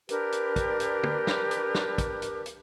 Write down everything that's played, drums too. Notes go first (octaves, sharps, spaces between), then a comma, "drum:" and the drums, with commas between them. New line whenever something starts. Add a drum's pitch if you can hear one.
D4 G4 A#4 B4, drum: hi-hat
drum: hi-hat
drum: kick, hi-hat
drum: hi-hat
drum: tom
drum: snare
drum: hi-hat
drum: snare
drum: kick, hi-hat
drum: hi-hat
drum: hi-hat